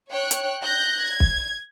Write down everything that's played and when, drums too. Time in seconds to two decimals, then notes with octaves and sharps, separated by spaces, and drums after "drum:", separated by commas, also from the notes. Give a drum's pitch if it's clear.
0.10 C#5 G5 F#6
0.31 drum: hi-hat
0.62 F#6 G6 A#6
1.03 G#6
1.20 drum: kick